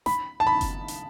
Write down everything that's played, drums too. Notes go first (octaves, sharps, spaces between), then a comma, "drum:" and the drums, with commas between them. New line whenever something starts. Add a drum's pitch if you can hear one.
B5, drum: snare
A5
B5
drum: kick F#1, hi-hat
drum: hi-hat